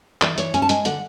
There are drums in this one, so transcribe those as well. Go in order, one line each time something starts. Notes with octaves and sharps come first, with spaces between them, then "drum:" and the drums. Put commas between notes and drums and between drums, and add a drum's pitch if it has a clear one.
E3 D5, drum: clap
E3 C#5, drum: hi-hat
C#4 G#5, drum: hi-hat
A5
G#3 G#5, drum: hi-hat
D3 F#5, drum: hi-hat